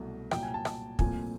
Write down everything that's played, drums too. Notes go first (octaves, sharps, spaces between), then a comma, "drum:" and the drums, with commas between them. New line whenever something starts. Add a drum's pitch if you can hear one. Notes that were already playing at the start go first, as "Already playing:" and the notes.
Already playing: C2 B2 F#3 A3
C2 A#2 F#3 G5, drum: rim click
G#5
A5
drum: rim click
C2 A#2 F3 A3 C4 G#5, drum: kick